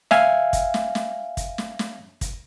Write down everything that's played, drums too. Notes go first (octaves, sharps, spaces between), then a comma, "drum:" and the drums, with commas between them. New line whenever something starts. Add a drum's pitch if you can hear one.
E5 F5 G#5, drum: snare
drum: kick, hi-hat
drum: snare
drum: snare
drum: kick, hi-hat
drum: snare
drum: snare
drum: kick, hi-hat